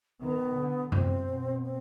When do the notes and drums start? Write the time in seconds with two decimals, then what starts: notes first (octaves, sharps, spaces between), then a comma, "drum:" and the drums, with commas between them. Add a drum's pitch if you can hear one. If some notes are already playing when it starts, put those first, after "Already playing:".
0.21 D#3 B3
0.57 D3
0.92 C3 C4, drum: tom F#2
1.27 B2
1.63 C4